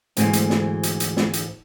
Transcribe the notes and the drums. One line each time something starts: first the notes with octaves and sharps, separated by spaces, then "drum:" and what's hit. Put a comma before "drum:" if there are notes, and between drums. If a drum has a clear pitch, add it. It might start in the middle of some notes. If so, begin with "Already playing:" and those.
D2 G#2 E3 C4 G#5, drum: hi-hat
drum: hi-hat
drum: snare
drum: hi-hat
drum: hi-hat
drum: snare
drum: hi-hat